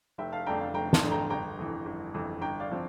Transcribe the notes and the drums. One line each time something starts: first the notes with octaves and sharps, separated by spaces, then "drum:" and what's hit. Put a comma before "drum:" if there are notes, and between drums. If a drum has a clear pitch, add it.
F1 E5 G5
F5 A5
F2 D3 A3 D4 G5 A#5
F5 A5
F1 G5 A#5
A5 C6, drum: snare
F2 D3 A3 D4
G5 A#5
G1 G5 A#5
F2 E3
G1
F2 E3
G1 G5 A#5
D5 F5
F3 C4